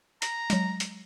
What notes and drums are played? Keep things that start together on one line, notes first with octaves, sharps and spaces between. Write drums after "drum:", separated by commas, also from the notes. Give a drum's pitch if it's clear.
A#5, drum: hi-hat
F#3 G#3, drum: hi-hat
drum: hi-hat